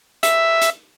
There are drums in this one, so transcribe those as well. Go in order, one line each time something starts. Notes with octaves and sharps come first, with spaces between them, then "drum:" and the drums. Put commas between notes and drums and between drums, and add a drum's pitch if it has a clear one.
E5, drum: hi-hat
drum: hi-hat